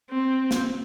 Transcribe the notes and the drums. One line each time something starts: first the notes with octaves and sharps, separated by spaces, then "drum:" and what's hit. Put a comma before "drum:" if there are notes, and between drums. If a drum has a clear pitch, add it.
C4
drum: snare